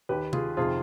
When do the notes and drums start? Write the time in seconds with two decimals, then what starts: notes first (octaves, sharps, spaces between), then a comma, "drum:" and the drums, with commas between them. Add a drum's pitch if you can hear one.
0.09 D#2 D#3 G4 B4
0.33 F4 G#4, drum: tom
0.57 F2 C3 D#3 F4 G#4